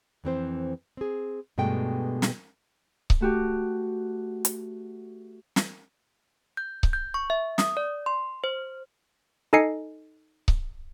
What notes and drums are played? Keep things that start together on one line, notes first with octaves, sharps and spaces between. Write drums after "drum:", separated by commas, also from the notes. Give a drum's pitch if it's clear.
F2 E3 C4 C5
C4 G#4
G2 B2 G#3 A3 G5
drum: snare
drum: kick C#1
A3 F#4 G4
drum: hi-hat
drum: snare
G6
drum: kick C#1
G6
C#6
E5
D#6, drum: snare
D5
C6
C5
D#4 A4 D#5 G#5 C7 C#7
drum: kick C#1